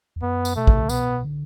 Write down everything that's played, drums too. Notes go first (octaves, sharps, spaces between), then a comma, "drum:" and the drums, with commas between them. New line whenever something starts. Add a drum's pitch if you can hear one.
E2
F#2 B3
drum: tambourine
B2 A3
drum: kick
C#3
B2 B3, drum: tambourine
D3